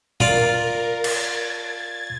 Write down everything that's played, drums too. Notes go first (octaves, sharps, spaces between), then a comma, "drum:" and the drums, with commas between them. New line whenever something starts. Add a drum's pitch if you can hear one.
F4 A#4 D5 F5, drum: tom A#2
G#6 A6, drum: cymbal